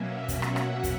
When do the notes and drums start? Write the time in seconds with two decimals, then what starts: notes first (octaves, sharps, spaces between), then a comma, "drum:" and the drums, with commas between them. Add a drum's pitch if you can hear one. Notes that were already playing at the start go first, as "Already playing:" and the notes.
Already playing: B2 F#3 A#3 C#4 E5
0.28 F#5, drum: kick, hi-hat
0.42 drum: rim click
0.56 drum: rim click
0.84 drum: kick, hi-hat